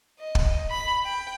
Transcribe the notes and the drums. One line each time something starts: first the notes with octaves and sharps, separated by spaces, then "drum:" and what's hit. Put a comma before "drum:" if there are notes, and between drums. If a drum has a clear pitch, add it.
D#5
drum: kick
B5
G5